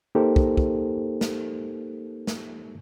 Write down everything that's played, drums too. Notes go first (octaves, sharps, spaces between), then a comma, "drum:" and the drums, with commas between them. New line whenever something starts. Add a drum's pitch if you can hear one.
A#3 D#4 G4 A4 A#4 C5
drum: kick
drum: kick
drum: snare
drum: snare